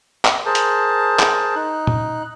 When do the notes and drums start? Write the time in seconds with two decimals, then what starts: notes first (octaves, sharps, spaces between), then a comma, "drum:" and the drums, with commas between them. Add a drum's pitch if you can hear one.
0.25 drum: clap
0.46 G#4 A#4 C5 A5
0.55 drum: hi-hat
1.19 drum: clap
1.56 D#4 F#6
1.87 drum: tom